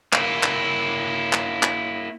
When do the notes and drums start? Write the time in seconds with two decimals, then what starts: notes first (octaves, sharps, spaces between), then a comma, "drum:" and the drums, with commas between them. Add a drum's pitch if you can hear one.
0.13 A#3 E4, drum: clap
0.43 drum: clap
1.33 drum: clap
1.63 drum: clap